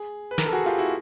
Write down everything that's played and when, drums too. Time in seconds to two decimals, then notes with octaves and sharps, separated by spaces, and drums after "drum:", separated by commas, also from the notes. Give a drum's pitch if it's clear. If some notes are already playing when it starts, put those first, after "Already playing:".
Already playing: G#4
0.31 B4
0.38 A#4, drum: snare
0.46 A4
0.53 F#4 G#4
0.66 F4 G4
0.78 E4 F#4